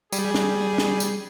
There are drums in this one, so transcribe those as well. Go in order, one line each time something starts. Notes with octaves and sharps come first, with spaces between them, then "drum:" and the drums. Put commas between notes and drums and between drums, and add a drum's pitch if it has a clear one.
G3 G#4, drum: tambourine
drum: snare
drum: snare
drum: tambourine